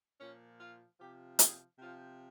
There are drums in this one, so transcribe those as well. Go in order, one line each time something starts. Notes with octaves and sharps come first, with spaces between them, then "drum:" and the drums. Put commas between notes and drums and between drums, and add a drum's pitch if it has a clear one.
A#2 F3 C#4
F4
C3 F3 G4
G#4, drum: hi-hat
C3 F3 F4